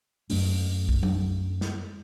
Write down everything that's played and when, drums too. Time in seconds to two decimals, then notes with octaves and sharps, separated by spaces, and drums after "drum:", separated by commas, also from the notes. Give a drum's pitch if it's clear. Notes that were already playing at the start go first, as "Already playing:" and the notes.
0.30 F#2 F#3 A3 C#4, drum: open hi-hat
0.89 drum: kick
1.03 drum: tom F#3
1.61 drum: snare